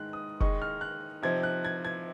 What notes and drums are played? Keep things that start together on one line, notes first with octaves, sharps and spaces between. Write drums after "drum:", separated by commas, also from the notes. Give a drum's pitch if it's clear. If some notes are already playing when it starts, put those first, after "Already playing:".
Already playing: G#2 D#3 G#3 F#6
D#6
D#3 G#3 D#4 C#6, drum: kick
F6
F#6
C3 F3 C4 D#4 G#6
F#6
G#6
G#6